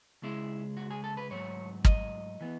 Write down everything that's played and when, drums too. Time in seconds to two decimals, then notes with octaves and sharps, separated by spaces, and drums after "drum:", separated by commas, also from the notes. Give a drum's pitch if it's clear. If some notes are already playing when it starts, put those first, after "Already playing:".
0.22 C#2 C#3 G#3 E4
0.77 F#4
0.91 G#4
1.04 A4
1.17 B4
1.31 G#2 F#3 A3 C#5
1.85 D#5, drum: kick
2.41 E3 B3